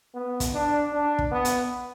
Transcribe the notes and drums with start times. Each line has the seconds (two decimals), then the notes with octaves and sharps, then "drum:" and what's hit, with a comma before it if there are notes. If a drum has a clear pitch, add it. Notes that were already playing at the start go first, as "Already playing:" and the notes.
0.14 B3
0.40 drum: kick, hi-hat
0.53 D4
0.93 D4
1.19 drum: kick
1.31 B3
1.45 drum: hi-hat